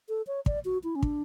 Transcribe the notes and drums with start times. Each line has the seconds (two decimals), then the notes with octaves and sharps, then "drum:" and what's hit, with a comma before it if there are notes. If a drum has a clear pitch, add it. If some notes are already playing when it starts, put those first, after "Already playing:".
0.09 A4
0.27 C#5
0.46 D5, drum: kick
0.65 F#4
0.84 E4
0.96 C#4
1.03 D4, drum: kick